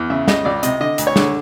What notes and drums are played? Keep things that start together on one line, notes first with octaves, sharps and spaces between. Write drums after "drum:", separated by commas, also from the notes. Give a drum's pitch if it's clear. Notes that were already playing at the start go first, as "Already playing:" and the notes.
Already playing: E2
C#3 E5
C#2 D#5, drum: snare
C#2 D5
C3 D#5, drum: hi-hat
D3 D#5
D2, drum: hi-hat
C#5
D3, drum: snare